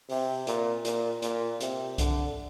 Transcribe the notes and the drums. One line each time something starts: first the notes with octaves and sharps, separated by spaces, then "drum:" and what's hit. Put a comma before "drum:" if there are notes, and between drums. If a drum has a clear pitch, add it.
C3, drum: open hi-hat
A#2, drum: hi-hat
A#2, drum: hi-hat
A#2, drum: hi-hat
C3, drum: hi-hat
D3, drum: kick C2, hi-hat